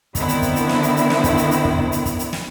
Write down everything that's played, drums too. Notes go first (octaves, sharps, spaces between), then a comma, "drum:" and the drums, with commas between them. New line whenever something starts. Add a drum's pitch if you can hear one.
D3 D#3 B3 C4 E4, drum: kick, hi-hat
drum: hi-hat
drum: kick, hi-hat
drum: hi-hat
drum: snare
drum: hi-hat
drum: hi-hat
drum: snare
drum: kick, hi-hat
drum: hi-hat
drum: hi-hat
drum: kick
drum: kick
drum: hi-hat
drum: kick, hi-hat
drum: hi-hat
drum: snare